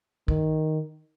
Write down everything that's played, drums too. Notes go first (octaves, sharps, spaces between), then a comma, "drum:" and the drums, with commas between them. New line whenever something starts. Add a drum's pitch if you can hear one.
D#3, drum: kick